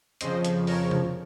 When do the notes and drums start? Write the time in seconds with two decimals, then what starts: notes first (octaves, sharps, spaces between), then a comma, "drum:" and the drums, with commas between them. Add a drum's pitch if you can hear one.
0.21 F2 C#3 F3 C5 D#5, drum: hi-hat
0.44 drum: hi-hat
0.67 A#4 C#5, drum: open hi-hat
0.91 drum: tom C3